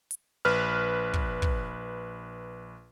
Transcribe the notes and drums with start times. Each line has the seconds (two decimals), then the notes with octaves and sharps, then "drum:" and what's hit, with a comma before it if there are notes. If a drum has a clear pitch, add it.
0.11 drum: hi-hat
0.45 A#1 B4 F6
1.14 drum: kick
1.42 drum: kick